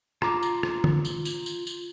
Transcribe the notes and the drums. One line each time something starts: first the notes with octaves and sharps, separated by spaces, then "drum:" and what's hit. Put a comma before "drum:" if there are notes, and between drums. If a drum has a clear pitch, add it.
F4 A#5 D6, drum: rim click
drum: tambourine
drum: rim click
drum: tom D3
drum: tambourine
drum: tambourine
drum: tambourine
drum: tambourine